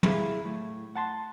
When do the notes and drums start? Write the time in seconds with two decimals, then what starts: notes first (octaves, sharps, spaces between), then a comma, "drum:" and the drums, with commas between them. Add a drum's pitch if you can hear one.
0.03 E4 G4 G#4 B4 E5 F5, drum: tom
0.45 A2
0.95 F#5 A5 C6